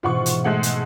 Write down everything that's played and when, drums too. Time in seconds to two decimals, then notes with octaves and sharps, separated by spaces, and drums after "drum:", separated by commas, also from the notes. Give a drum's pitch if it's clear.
0.03 G#2 B2 E3 F4 F#5 C#6
0.26 drum: hi-hat
0.44 G#3 A3 F#5
0.63 drum: hi-hat